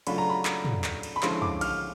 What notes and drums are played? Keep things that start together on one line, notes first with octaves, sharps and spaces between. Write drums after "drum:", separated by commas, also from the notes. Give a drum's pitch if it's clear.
C#3 F#3 A3 D4 F4 B5, drum: cymbal
A#5
B5
drum: clap
drum: tom
drum: clap
drum: cymbal
B5
D3 F3 G#3 C#4 E4 C6, drum: clap
D6, drum: tom
F6, drum: cymbal